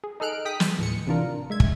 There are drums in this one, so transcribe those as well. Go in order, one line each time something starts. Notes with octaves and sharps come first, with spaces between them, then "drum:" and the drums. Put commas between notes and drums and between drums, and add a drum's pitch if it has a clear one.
G#4
D#4 G#4 A4 F6 F#6 D7
G#4 G5 D#6 B6
drum: snare
D#2 A2 C#7
G#1 C3 E3 D4 F4 A#4
G#3 E5 G#6
drum: kick